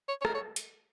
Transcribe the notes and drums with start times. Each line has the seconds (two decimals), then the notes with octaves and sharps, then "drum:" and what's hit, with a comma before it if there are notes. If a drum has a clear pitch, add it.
0.08 C#5
0.21 C#5
0.25 A#4, drum: rim click
0.35 C#5
0.56 drum: hi-hat